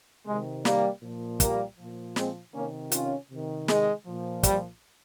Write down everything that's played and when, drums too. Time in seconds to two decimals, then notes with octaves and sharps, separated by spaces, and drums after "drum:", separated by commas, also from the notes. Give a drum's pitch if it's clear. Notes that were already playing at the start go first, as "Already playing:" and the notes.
0.27 C3 D#3 G#3
0.65 G3 A#3, drum: snare
1.02 A#2 F3
1.40 G3 A#3, drum: kick, hi-hat
1.78 A#2 F3
2.16 G#3 C4, drum: snare
2.54 C3 D#3 A#3 C#4
2.92 C#4 F4, drum: hi-hat
3.30 C3 D#3
3.68 G#3, drum: snare
4.06 A#2 F3
4.43 G3, drum: kick, hi-hat